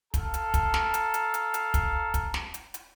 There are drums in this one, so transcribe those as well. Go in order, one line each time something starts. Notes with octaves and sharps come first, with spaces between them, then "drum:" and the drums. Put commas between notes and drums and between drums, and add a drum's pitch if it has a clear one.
A4 F5 A#5, drum: kick, hi-hat
drum: hi-hat
drum: kick, hi-hat
drum: snare
drum: hi-hat
drum: hi-hat
drum: hi-hat
drum: hi-hat
drum: kick, hi-hat
drum: kick, hi-hat
drum: snare
drum: hi-hat
drum: hi-hat